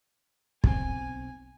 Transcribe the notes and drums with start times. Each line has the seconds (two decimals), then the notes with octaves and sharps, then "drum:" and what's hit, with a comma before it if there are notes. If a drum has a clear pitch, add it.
0.64 B1 C4 G#5, drum: kick